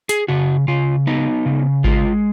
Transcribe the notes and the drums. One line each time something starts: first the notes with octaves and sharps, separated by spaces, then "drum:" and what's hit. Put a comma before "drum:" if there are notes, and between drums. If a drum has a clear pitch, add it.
G#4, drum: hi-hat
C#3 F#4
C#3 F4
B3 D#4
C#3
G#3 F4, drum: kick G#1